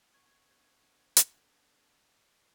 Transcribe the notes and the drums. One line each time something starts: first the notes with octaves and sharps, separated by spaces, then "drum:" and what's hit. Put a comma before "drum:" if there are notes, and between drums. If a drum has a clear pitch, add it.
D3 B3 C5 C#6 G#6
drum: hi-hat